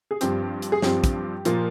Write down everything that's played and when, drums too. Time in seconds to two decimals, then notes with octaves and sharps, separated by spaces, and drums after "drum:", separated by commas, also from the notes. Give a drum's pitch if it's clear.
0.11 G#4
0.21 G2 F3 C4 G4, drum: hi-hat
0.62 drum: hi-hat
0.72 G#4
0.82 G2 F3 C4 G4, drum: snare
1.04 drum: kick, hi-hat
1.45 A#2 F3 A#3, drum: hi-hat